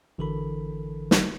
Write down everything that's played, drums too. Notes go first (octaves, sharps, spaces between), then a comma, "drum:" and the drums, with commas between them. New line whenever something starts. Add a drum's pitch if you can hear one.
G#1 D3 E3 A4 A#4 B5
drum: snare